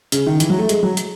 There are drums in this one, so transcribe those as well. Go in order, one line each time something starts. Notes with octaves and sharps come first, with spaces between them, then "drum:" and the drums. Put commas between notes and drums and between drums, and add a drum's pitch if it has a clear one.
C#3, drum: hi-hat
D#3
E3, drum: hi-hat
F#3
A3
G#3, drum: hi-hat
F#3
drum: hi-hat